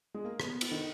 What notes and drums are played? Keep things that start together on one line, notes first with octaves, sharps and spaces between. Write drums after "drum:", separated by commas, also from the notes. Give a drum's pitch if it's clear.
G#3
A#3
B3, drum: rim click
drum: cymbal
D#3